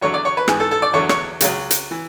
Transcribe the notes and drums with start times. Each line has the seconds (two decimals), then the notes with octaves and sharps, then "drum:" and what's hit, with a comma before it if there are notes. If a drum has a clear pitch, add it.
0.01 E2 D3 F#3 C#5
0.14 D5
0.25 C#5
0.37 B4
0.48 G#2 E3 G#4, drum: rim click
0.60 A4
0.71 A4
0.82 D5
0.93 E2 D3 F#3 C#5
1.09 C#5, drum: rim click
1.41 C#2 C#3 F#3, drum: hi-hat
1.71 drum: hi-hat
1.91 E3